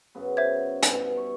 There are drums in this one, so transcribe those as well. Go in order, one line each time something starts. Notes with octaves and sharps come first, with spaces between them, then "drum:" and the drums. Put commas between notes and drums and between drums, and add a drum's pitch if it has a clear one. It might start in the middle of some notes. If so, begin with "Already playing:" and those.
F#2 C#3 B3
C5 E5 G#6
G2 B2 E4, drum: hi-hat
C#6